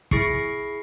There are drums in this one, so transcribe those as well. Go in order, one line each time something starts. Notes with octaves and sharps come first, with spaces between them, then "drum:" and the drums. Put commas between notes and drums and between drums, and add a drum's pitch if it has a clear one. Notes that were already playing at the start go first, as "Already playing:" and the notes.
E4 G#4 C#6 C7 C#7, drum: kick